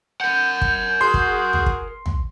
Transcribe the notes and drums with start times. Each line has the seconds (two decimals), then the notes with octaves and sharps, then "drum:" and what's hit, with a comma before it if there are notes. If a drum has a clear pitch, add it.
0.21 A#4 F#5 G6
0.61 drum: kick
1.01 F#4 G#4 C6
1.14 drum: kick
1.53 drum: tom
1.66 drum: kick
2.06 drum: tom